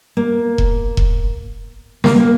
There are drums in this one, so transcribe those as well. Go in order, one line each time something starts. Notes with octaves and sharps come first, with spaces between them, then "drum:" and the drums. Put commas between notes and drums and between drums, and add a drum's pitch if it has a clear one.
A#3
drum: kick E1
drum: kick E1
A#3, drum: snare
A#3